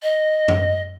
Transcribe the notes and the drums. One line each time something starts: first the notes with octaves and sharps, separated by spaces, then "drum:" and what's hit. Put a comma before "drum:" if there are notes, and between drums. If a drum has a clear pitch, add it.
D#5
drum: tom F#2